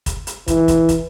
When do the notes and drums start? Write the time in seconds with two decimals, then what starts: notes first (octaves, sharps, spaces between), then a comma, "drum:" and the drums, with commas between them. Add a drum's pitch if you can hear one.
0.06 drum: kick, hi-hat
0.27 drum: hi-hat
0.48 E3, drum: kick, hi-hat
0.68 drum: kick, hi-hat
0.89 drum: kick, hi-hat